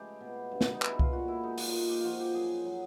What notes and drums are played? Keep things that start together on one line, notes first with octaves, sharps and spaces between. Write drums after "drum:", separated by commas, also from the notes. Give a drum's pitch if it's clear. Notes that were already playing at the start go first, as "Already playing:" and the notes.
Already playing: C#3 G#3 A3 G4 B4
B2
G2
drum: snare
D#4
G#3 E4, drum: clap
F4, drum: kick C2
A#2 F#4
E4
G#3 D#4
F4, drum: open hi-hat
A#3
G4
F3 F4 F#4
G4
F#2 G#4
F#3